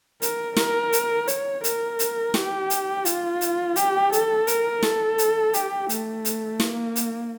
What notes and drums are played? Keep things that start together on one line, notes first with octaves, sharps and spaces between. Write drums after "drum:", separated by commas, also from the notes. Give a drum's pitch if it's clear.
A#4, drum: hi-hat
A#4, drum: snare
drum: hi-hat
C#5, drum: hi-hat
A#4, drum: hi-hat
drum: hi-hat
G4, drum: snare
drum: hi-hat
F4, drum: hi-hat
drum: hi-hat
G4, drum: hi-hat
A4, drum: hi-hat
A#4, drum: hi-hat
A4, drum: snare
drum: hi-hat
G4, drum: hi-hat
A3, drum: hi-hat
drum: hi-hat
A#3, drum: snare
drum: hi-hat